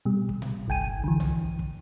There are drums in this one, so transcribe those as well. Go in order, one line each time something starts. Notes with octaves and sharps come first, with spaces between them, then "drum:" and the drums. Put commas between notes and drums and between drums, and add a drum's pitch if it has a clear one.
B2 G3
drum: kick
drum: tom A#2
G1 C2 G5 G#5 D#7
drum: kick
D3 E3
drum: tom B1
drum: kick